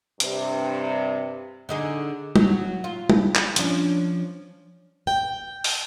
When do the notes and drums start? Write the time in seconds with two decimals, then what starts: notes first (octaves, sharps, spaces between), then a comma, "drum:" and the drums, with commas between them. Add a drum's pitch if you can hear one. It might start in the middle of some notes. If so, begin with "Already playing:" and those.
0.20 G2 C3, drum: hi-hat
1.69 D3 D#4 G#4
2.36 F#3, drum: tom G3
2.84 F4
3.10 drum: tom G3
3.35 drum: clap
3.56 F3 C#4 D4, drum: hi-hat
5.07 G5
5.64 drum: open hi-hat